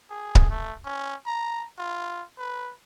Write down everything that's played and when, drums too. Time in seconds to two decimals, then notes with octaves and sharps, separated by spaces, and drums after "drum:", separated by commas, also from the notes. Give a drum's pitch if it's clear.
0.10 G#4
0.35 drum: kick C#1
0.50 A3
0.85 C#4
1.26 A#5
1.79 F4
2.39 B4